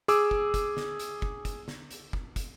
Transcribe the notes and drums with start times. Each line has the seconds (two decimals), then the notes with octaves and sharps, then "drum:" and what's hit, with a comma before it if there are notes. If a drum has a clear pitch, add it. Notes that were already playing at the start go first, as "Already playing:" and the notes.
0.08 G#4 D6 E6, drum: hi-hat
0.31 drum: kick
0.54 drum: kick, hi-hat
0.77 drum: snare
0.99 drum: hi-hat
1.22 drum: kick
1.45 drum: kick, hi-hat
1.68 drum: snare
1.91 drum: hi-hat
2.13 drum: kick
2.36 drum: kick, hi-hat